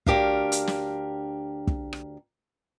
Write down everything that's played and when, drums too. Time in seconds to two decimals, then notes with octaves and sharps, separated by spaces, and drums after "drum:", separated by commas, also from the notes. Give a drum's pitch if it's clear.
0.06 D2 D4 G4 A#4 F5, drum: kick
0.52 drum: hi-hat
0.67 drum: snare
1.67 drum: kick
1.93 drum: rim click